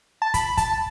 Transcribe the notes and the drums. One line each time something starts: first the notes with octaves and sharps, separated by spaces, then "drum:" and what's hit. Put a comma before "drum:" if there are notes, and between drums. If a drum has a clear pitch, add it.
A5
B5, drum: kick, hi-hat
A5, drum: kick, hi-hat